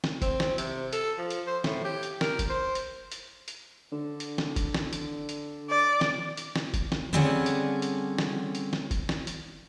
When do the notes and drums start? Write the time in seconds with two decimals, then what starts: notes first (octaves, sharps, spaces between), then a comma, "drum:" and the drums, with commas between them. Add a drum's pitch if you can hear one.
0.04 drum: snare
0.22 C4, drum: kick, hi-hat
0.40 drum: snare
0.58 C3, drum: hi-hat
0.93 A4, drum: hi-hat
1.18 F3
1.30 drum: hi-hat
1.47 C5
1.64 A2, drum: snare
1.84 G4
2.03 drum: hi-hat
2.21 A#4, drum: snare
2.39 drum: kick, hi-hat
2.49 C5
2.75 drum: hi-hat
3.12 drum: hi-hat
3.48 drum: hi-hat
3.92 D3
4.20 drum: hi-hat
4.38 drum: snare
4.56 drum: kick, hi-hat
4.74 drum: snare
4.93 drum: hi-hat
5.29 drum: hi-hat
5.70 D5
6.01 drum: snare
6.37 drum: hi-hat
6.56 drum: snare
6.74 drum: kick, hi-hat
6.92 drum: snare
7.13 D3 G3 C4 C#4 G#4 F#5
7.46 drum: hi-hat
7.82 drum: hi-hat
8.18 drum: snare
8.55 drum: hi-hat
8.73 drum: snare
8.91 drum: kick, hi-hat
9.09 drum: snare
9.27 drum: hi-hat